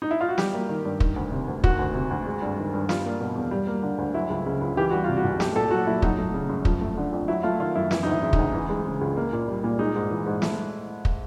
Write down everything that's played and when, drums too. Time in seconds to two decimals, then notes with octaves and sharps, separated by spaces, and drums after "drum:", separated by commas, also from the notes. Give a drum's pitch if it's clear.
0.02 D#4
0.11 E4
0.21 F4
0.29 F#4
0.38 G3 G4, drum: snare
0.54 A#3
0.69 D#3
0.85 G2
1.00 D#3, drum: kick
1.16 D2
1.32 C3
1.48 D2
1.64 D#3 F#4, drum: kick
1.79 D2
1.95 C3
2.10 D2
2.27 G#3
2.42 G2
2.58 D#3
2.74 G2
2.89 G3 F4, drum: snare
3.05 A#3
3.20 B2
3.36 E2
3.51 G3
3.67 A#3
3.83 D3
3.98 D2
4.14 F#3 E4
4.29 C#2
4.46 C#3
4.61 C#2
4.77 E3 G4
4.91 G3 F#4
5.04 C3 F4
5.17 F#4
5.24 C2
5.40 A3 G4, drum: snare
5.55 A#2 A4
5.71 F#3 F#4
5.87 A#2 E4
6.02 F#3 D#4, drum: kick
6.19 A3
6.34 C#3
6.49 F#2
6.65 F3, drum: kick
6.81 A3
6.97 D3
7.13 F2
7.28 F#3 E4
7.43 A3 F4
7.60 D#3 F4
7.75 F#2 E4
7.91 E3 E4, drum: snare
8.03 D#4
8.07 D2
8.12 E4
8.22 C#3 E4
8.33 D#4, drum: kick
8.39 D2
8.54 E3
8.69 G#3
8.86 C#3
9.01 C#2
9.17 A#3
9.33 A#2
9.48 G3
9.64 A#2
9.79 G#3 D#4
9.95 G#2
10.10 E3
10.26 G#2
10.42 A3 E4, drum: snare
11.05 drum: kick